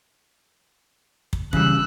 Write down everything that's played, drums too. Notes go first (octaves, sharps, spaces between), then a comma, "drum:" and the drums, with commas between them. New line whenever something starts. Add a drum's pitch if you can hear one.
drum: kick
C#3 E3 F#3 G3 E6 F#6, drum: kick